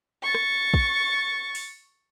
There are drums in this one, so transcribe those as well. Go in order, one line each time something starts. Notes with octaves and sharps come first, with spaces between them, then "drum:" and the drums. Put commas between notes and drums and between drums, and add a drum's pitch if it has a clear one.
C#6 A6
drum: rim click
drum: kick
drum: open hi-hat